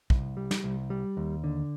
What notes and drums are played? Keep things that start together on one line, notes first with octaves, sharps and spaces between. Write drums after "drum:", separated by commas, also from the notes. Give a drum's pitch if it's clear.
C2, drum: kick
G3
drum: snare
C2
G3
D#2
D3